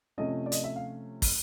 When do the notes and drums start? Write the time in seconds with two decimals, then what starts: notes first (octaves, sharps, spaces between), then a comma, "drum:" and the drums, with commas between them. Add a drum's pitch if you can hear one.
0.18 C3 F3 A3 C#4 D#5
0.46 D5
0.52 D#5, drum: hi-hat
0.64 E5
0.76 F5
1.22 drum: kick, open hi-hat